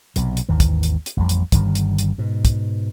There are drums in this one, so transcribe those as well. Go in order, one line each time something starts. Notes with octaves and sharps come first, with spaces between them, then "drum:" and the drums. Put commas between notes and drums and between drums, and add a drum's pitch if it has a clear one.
B1 C3, drum: hi-hat
drum: hi-hat
G#1 D#2 D#3 E3
drum: kick, hi-hat
drum: hi-hat
drum: hi-hat
A1 F2 G3
drum: hi-hat
G1 G2 D#3 G3, drum: kick, hi-hat
drum: hi-hat
drum: hi-hat
G#2 B2
drum: kick, hi-hat